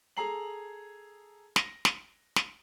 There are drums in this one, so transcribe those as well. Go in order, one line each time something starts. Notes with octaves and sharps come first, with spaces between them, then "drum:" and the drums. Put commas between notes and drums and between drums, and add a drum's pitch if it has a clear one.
G#4 A4 A#5 C7 F#7
A#6, drum: snare
drum: snare
drum: snare